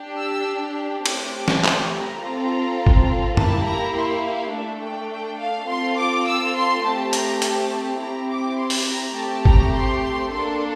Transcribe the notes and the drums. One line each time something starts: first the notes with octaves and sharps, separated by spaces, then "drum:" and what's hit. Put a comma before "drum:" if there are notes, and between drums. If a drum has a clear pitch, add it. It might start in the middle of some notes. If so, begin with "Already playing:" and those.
Already playing: D4 G4
E6
A3 C4 G4 D6, drum: cymbal
drum: snare
C6, drum: clap
A#5
C4 F4 A4
drum: kick G1
A#3 E4 G4 A5, drum: tom
A#5
C6
F5
A3 D4 A4 E5
G5
G5
F5
C4 F4 A4 C6
D6
E6
C6
A3 C4 G4 A5
A#5, drum: hi-hat
A5, drum: hi-hat
C4 E4 G4 A#5
D6
C6
drum: open hi-hat
A#5
A3 C4 G4 A5
A#5, drum: kick G1
C6
C6
A#3 D4 A4 C6